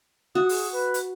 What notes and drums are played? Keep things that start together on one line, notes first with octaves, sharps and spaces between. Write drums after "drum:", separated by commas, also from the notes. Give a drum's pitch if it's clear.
F#4 D#6
G#4, drum: open hi-hat
B4
drum: hi-hat